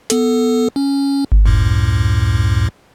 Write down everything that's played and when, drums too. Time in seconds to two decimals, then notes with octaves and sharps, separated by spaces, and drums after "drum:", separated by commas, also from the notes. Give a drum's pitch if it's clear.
0.10 B3 A4, drum: hi-hat
0.76 C#4
1.32 drum: kick G1
1.46 C#2 F#2 A2